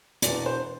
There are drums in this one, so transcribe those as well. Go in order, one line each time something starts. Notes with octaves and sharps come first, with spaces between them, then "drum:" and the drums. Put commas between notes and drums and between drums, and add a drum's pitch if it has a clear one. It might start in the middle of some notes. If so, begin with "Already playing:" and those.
E1 E2 E3 D5, drum: hi-hat
C5